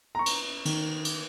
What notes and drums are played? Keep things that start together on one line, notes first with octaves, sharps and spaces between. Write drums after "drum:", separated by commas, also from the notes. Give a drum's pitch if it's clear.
A#5 C#6
drum: cymbal
D#3, drum: cymbal
drum: cymbal